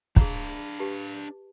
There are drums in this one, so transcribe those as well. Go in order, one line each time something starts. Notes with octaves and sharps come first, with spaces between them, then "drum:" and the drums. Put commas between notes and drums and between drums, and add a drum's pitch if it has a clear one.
D4 G#4 F5 A#5, drum: kick
G4 B4 A5